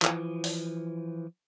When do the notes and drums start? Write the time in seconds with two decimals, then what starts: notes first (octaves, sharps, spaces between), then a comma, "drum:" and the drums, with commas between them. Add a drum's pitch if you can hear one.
0.02 E3 F3, drum: clap
0.44 drum: open hi-hat